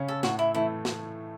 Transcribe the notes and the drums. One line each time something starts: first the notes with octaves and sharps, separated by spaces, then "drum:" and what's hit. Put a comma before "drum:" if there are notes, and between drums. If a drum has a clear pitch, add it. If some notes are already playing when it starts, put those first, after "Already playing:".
Already playing: C#3 C#4
A4
A2 F#4, drum: snare
E4
E3 A3 E4
drum: snare